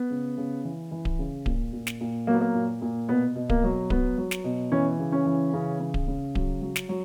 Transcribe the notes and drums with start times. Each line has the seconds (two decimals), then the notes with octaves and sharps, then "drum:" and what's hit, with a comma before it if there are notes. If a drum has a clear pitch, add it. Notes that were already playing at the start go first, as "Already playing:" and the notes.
Already playing: B3
0.10 C#3
0.37 C#3
0.64 E3
0.91 E3
1.05 drum: kick D1
1.19 C#3
1.46 A#2, drum: kick D1
1.73 A#2
1.87 drum: snare
2.01 A#2
2.27 F#3 A#3
2.34 B3
2.41 A#3
2.54 A#2
2.82 A#2
3.09 B2 B3
3.35 B2
3.50 A#3, drum: kick D1
3.64 F#3
3.90 F#3 B3, drum: kick D1
4.18 F#3
4.31 drum: snare
4.44 B2
4.72 E3 C#4
4.99 C#3
5.12 C#4
5.26 E3
5.53 C#3
5.80 C#3
5.94 drum: kick D1
6.08 C#3
6.35 F#3, drum: kick D1
6.62 F#3
6.76 drum: snare
6.89 F#3